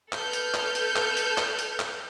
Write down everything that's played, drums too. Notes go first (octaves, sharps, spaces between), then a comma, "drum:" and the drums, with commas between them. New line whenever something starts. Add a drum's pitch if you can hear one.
A4 B4 F6 G6, drum: clap
drum: hi-hat
drum: clap
drum: hi-hat
drum: clap
drum: hi-hat
drum: clap
drum: hi-hat
drum: clap